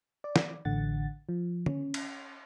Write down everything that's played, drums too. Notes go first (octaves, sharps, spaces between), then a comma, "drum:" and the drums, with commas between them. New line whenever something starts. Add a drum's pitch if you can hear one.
D5
drum: snare
A1 D3 F#5 A6
F3
C#4, drum: tom D3
drum: cymbal